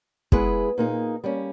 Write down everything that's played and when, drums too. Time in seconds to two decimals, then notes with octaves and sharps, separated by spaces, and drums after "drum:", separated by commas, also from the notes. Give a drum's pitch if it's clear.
0.32 G#3 B3 E4 G#4 B4, drum: kick
0.78 A#2 A#3 D#4 G#4
1.24 G3 A#3 C#4